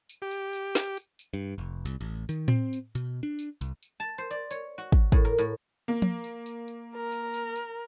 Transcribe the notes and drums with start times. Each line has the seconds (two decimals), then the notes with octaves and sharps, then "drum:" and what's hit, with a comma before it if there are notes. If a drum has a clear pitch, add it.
0.09 drum: tambourine
0.22 G4
0.31 drum: tambourine
0.53 drum: tambourine
0.75 drum: snare
0.97 drum: tambourine
1.19 drum: tambourine
1.34 G2
1.58 F1
1.85 C2, drum: tambourine
2.01 A1
2.29 D#3, drum: tambourine
2.48 C4, drum: tom A2
2.73 drum: tambourine
2.95 B2, drum: tambourine
3.23 D4
3.39 drum: tambourine
3.61 C2, drum: tambourine
3.83 drum: tambourine
4.00 A5
4.18 C5
4.31 D5
4.51 C#5, drum: tambourine
4.78 F#4
4.92 drum: kick
5.12 A2, drum: kick, tambourine
5.25 A#4
5.38 A2, drum: tambourine
5.88 A#3
6.02 drum: tom F3
6.24 drum: tambourine
6.46 drum: tambourine
6.68 drum: tambourine
6.96 A#4
7.12 drum: tambourine
7.34 drum: tambourine
7.56 drum: tambourine